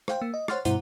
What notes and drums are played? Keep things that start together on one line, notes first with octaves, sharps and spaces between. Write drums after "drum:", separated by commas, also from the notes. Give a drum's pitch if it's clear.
C5 F5 G5, drum: rim click
A#3 E6
D#5
C5 C#5 F#5 C6 F6 A6, drum: rim click
G2 B2 E4 C5 F#5, drum: hi-hat